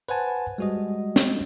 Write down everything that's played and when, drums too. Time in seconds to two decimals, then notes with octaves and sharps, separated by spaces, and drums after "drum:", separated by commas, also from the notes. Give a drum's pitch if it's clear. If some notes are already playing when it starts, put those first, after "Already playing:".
0.09 B4 C5 F#5 G#5 A5
0.58 G3 G#3 F#4 G#4 D#5
1.16 drum: snare